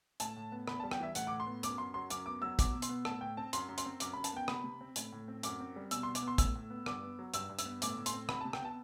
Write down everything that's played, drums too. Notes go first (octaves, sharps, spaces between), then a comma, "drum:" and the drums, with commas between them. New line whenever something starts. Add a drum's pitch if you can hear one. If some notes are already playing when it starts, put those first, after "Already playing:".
A2 A5, drum: hi-hat
A2
B3
E2 B5, drum: rim click
A5
G3
G5, drum: rim click
E3 E5
A2 F#5, drum: hi-hat
A2 D6
C6
B3
F#2 D6, drum: hi-hat
F#2 C6
F#3 C6
F#2 D6, drum: hi-hat
B3 D6
F#3 E6
B2 D6, drum: kick, hi-hat
B2
C6, drum: hi-hat
B3
A2 A5, drum: rim click
A2 G5
C4 A5
F#2 C6, drum: hi-hat
F#2
C6, drum: hi-hat
C4
F#2 D6, drum: hi-hat
B5
F#2
A5, drum: hi-hat
B3 G5
C3 B5, drum: rim click
C3
C4
A2, drum: hi-hat
A2
C4
F#2 D6, drum: hi-hat
C4
G3
B2 E6, drum: hi-hat
C6
B2
D6, drum: hi-hat
B3
C6
A2 E6, drum: kick, hi-hat
A2
B3
G2 D6, drum: rim click
B3
F#3
G2 E6, drum: hi-hat
G2
E6, drum: hi-hat
B3
A2 D6, drum: hi-hat
A2
C6, drum: hi-hat
C4
C3 B5, drum: rim click
A5
C3
G5, drum: rim click
B3 A5